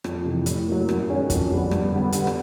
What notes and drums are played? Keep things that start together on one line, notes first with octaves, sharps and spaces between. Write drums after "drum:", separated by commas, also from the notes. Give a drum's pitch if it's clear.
F2, drum: rim click
C3 E3
A2, drum: hi-hat
F#3 A#3
F#2, drum: rim click
D#3 G#3 C#4 F#4
F2, drum: kick, hi-hat
D3 G3 B3 D4
G2, drum: rim click
D3 G3 B3
D3, drum: hi-hat
drum: rim click